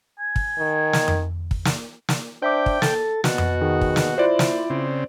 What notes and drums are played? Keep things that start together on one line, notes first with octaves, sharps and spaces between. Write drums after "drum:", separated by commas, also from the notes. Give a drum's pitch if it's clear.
G#5
drum: kick
D#3
drum: snare
drum: tom F2
drum: kick
drum: snare
drum: snare
D4 C5 E5 G5 D6
drum: kick
A4 A6, drum: snare
B2 F#4, drum: snare
drum: tom F2
D#3 G#4
drum: kick
drum: snare
E4 F4 C5 D5
drum: snare
C#3 C4